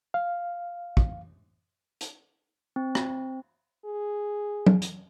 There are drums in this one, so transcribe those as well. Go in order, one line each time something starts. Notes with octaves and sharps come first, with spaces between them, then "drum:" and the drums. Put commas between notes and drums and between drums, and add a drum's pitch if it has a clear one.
F5
drum: kick
drum: hi-hat
C4
drum: rim click
G#4
drum: tom F#3
drum: hi-hat